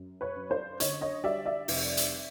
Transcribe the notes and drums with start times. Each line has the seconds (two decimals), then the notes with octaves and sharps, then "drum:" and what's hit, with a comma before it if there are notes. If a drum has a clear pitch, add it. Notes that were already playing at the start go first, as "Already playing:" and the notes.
Already playing: F#2
0.21 B4 C#5
0.35 F#2
0.50 C5 D5
0.80 D3 C#5 D#5, drum: hi-hat
1.01 C#5 D#5
1.24 G3 D5 E5
1.46 D5 E5
1.68 F1, drum: open hi-hat
1.97 drum: hi-hat